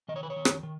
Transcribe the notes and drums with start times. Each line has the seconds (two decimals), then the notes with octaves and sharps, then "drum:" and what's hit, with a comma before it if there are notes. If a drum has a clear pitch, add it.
0.08 D#3 D#5
0.16 C#5
0.23 B4
0.30 C#5
0.36 D#3
0.45 drum: rim click
0.63 D#3